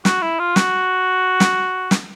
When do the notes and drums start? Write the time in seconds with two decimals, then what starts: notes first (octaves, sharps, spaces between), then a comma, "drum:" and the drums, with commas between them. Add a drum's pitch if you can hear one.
0.05 F#4, drum: snare
0.22 E4
0.39 F4
0.56 F#4, drum: snare
1.40 drum: snare
1.91 drum: snare